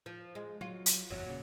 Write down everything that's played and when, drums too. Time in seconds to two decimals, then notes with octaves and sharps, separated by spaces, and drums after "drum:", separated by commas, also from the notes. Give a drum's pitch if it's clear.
0.06 F3
0.35 G#3
0.61 F#3 F4
0.86 drum: hi-hat
1.10 F#1 E2 F#3
1.26 A#2 C#3